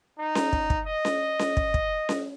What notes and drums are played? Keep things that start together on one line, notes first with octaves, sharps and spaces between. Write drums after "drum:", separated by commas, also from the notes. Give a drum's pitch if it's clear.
D#4
drum: snare C#4
drum: kick
drum: kick
D#5
drum: snare C#4
drum: snare C#4
drum: kick
drum: kick
drum: snare C#4